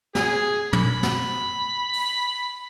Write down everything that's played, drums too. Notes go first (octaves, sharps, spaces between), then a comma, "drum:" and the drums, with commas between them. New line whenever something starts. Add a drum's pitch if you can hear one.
G#4, drum: snare
B5, drum: tom
drum: snare
drum: open hi-hat